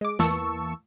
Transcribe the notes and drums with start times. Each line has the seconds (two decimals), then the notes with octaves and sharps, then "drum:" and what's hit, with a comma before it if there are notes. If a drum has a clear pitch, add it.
0.01 G#3 D6
0.19 E2 E3 A#3 A5 C#6 E6, drum: snare